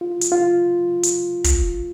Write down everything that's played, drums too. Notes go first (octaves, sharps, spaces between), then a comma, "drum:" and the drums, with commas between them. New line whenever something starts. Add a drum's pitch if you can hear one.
F4
drum: hi-hat
F4
drum: hi-hat
drum: kick, hi-hat